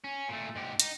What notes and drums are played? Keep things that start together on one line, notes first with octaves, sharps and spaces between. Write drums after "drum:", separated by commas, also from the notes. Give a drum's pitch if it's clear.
C#4
A#2 A3
G#2 G4
D#4, drum: hi-hat